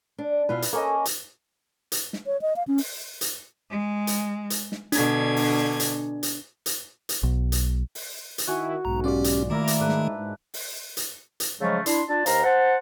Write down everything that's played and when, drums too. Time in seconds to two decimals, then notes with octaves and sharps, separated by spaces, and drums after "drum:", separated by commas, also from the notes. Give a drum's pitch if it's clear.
0.18 D4
0.49 B2 E4 F4 B4
0.62 drum: hi-hat
0.73 A#3 C#4 A4 D#5
1.05 drum: hi-hat
1.92 drum: hi-hat
2.13 drum: snare
2.26 C#5
2.42 D#5
2.56 F5
2.68 C#4
2.78 drum: open hi-hat
3.21 drum: hi-hat
3.69 G#3
4.07 drum: hi-hat
4.50 drum: hi-hat
4.72 drum: snare
4.92 B2 D3 D4 G#6, drum: hi-hat
5.36 drum: open hi-hat
5.80 drum: hi-hat
6.23 drum: hi-hat
6.66 drum: hi-hat
7.09 drum: hi-hat
7.23 B1
7.52 drum: hi-hat
7.95 drum: open hi-hat
8.38 drum: hi-hat
8.47 D#3 E4 F#4 G#5
8.85 B1 G#2 A#5
9.04 C#4 F4 G4 D5
9.24 drum: hi-hat
9.50 D#3 A3 A#3 E4 D5 A#5 D6
9.67 drum: hi-hat
9.79 G#2 D4 B4 A#5
9.89 drum: snare
10.18 G#2
10.54 drum: open hi-hat
10.97 drum: hi-hat
11.40 drum: hi-hat
11.61 C#3 F3 F#3 G#3 A3 C#4
11.86 D4 E4 C6, drum: hi-hat
12.09 D4 F4 A5
12.26 D#2 C5 F5 A#5, drum: hi-hat
12.44 C5 F#5 A5